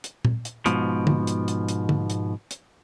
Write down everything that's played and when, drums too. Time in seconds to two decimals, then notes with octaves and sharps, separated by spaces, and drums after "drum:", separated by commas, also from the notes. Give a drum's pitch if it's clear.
0.04 drum: hi-hat
0.25 drum: tom A#2
0.45 drum: hi-hat
0.66 G#2 B2 F3, drum: hi-hat
1.07 drum: tom D3
1.27 drum: hi-hat
1.48 drum: hi-hat
1.68 drum: hi-hat
1.89 drum: tom D3
2.10 drum: hi-hat
2.51 drum: hi-hat